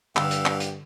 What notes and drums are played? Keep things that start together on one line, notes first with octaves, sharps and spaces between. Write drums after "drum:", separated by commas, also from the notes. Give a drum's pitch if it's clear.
G2 D3 G4 F5 F#5 E6, drum: clap
drum: hi-hat
drum: clap
drum: hi-hat